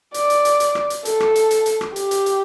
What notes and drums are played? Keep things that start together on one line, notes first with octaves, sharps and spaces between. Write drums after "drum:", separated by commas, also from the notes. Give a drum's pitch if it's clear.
D5, drum: hi-hat
drum: hi-hat
drum: hi-hat
drum: hi-hat
drum: rim click
drum: hi-hat
A4, drum: hi-hat
drum: rim click
drum: hi-hat
drum: hi-hat
drum: hi-hat
drum: rim click
G4, drum: hi-hat
drum: hi-hat
drum: hi-hat